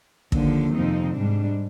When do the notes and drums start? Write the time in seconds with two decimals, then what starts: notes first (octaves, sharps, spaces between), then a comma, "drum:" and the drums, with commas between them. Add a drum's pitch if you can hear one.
0.32 D#2 D3 F3, drum: kick
0.74 F2 C3 F3 C4 D#4
1.14 G#2 G3 D4